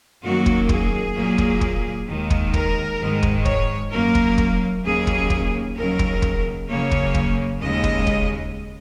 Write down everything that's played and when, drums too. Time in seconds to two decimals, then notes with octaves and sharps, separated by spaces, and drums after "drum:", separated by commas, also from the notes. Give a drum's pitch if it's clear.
0.23 F#2 D#3 F#3 A#3 F#4
0.46 drum: kick
0.69 G#4, drum: kick
1.15 A#2 F#3 A#3
1.38 drum: kick
1.61 drum: kick
2.08 D#2 D#3 G#3
2.30 drum: kick
2.54 A#4, drum: kick
2.99 G#2 D#3 G#3
3.23 drum: kick
3.45 C#5, drum: kick
3.92 F#2 F#3 A#3 A#4
4.15 drum: kick
4.38 drum: kick
4.84 D#2 C#3 F#3 A#3 G#4
5.07 drum: kick
5.30 drum: kick
5.77 D#2 C#3 F#3 A#4
5.99 drum: kick
6.22 drum: kick
6.68 F#2 C#3 A#3 C#5
6.91 drum: kick
7.14 drum: kick
7.60 D#2 C#3 G#3 D#5
7.84 drum: kick
8.07 drum: kick